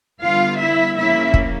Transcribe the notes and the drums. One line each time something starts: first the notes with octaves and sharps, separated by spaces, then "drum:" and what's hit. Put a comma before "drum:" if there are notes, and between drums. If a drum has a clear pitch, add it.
D3 G3 B3 F4 F5
E4 E5
C#3 F3 A#3 C#4 E4 E5
drum: kick